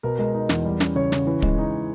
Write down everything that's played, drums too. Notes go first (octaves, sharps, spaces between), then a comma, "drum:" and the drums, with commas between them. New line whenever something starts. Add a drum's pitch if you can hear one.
B2 A#4
G#3 A#4
D#4
E2, drum: snare
G3
C#4, drum: snare
C#3 C#5
C#3, drum: snare
E3
G#3, drum: kick
D#4